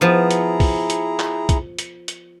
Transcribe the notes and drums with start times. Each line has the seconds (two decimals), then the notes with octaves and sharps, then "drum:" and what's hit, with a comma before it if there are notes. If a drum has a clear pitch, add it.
0.01 F3 B3 E4 G#4 A#5
0.31 drum: hi-hat
0.60 drum: kick, open hi-hat
0.90 drum: hi-hat
1.19 drum: clap
1.49 drum: kick, hi-hat
1.79 drum: hi-hat
2.08 drum: hi-hat